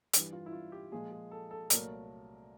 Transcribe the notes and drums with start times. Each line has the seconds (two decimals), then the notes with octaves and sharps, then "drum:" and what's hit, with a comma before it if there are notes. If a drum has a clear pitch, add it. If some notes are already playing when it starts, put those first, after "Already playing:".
0.14 G2 E3 G3, drum: hi-hat
0.33 F4
0.46 E4
0.53 F4
0.72 G4
0.92 A#2 F3 G#3 G#4
1.12 G#4
1.31 A4
1.51 A4
1.70 C2 A#2 F#3 A3 A#4, drum: hi-hat